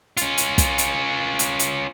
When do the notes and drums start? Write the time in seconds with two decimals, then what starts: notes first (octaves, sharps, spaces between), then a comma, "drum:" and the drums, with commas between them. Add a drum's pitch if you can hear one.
0.17 C#4 F4, drum: hi-hat
0.38 drum: hi-hat
0.58 drum: kick, hi-hat
0.78 drum: hi-hat
1.39 drum: hi-hat
1.59 drum: hi-hat